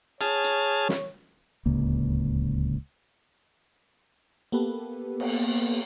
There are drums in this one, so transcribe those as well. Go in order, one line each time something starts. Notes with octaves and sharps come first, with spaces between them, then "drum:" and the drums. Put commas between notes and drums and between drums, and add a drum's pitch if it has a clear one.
G#4 C#5 A5 F6, drum: hi-hat
drum: hi-hat
drum: snare
D1 C#2 C#3 A#3
A#3 B3 G4 A4 B4
drum: cymbal